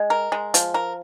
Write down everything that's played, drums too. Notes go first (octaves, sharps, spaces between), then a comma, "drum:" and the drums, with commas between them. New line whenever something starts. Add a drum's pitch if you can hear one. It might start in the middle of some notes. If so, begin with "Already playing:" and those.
Already playing: G#3
A#4
G#3
F3, drum: hi-hat
A#4